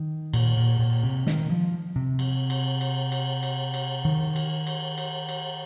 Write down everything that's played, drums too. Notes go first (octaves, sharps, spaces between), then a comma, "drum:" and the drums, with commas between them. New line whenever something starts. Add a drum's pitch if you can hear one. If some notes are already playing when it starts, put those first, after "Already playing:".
Already playing: D#3
A#2, drum: cymbal
A#2
A#2
C3
D#3, drum: snare
F3
C3
drum: cymbal
drum: cymbal
drum: cymbal
drum: cymbal
drum: cymbal
drum: cymbal
D#3
drum: cymbal
drum: cymbal
drum: cymbal
drum: cymbal